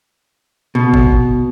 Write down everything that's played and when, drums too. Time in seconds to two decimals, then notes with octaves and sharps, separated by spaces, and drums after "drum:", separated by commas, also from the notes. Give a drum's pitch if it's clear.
0.75 B2
0.94 drum: kick G1